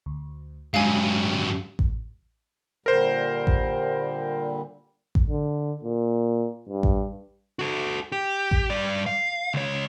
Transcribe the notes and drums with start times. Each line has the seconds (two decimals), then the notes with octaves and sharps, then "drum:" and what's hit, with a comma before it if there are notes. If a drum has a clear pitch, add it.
0.06 D2
0.74 G2 F#3 G#3 F5 G#5
1.79 drum: kick A1
2.86 A#2 D3 G3 A#4 C5
3.47 drum: kick A1
5.15 drum: kick A1
5.30 D3
5.83 A#2
6.69 G2
6.83 drum: kick A1
7.59 F#4 A4
8.12 G4
8.51 drum: kick A1
8.70 G2 D5
9.06 F5
9.54 C#2 C#5